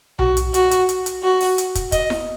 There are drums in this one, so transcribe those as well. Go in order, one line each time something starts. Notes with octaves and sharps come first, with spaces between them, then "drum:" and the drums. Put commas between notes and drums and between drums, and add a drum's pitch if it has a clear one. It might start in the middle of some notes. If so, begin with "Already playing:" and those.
F#4, drum: tom B1
drum: hi-hat
F#4, drum: hi-hat
drum: hi-hat
drum: hi-hat
drum: hi-hat
F#4
drum: open hi-hat
drum: hi-hat
drum: kick, hi-hat
D#5, drum: kick, hi-hat
drum: snare E4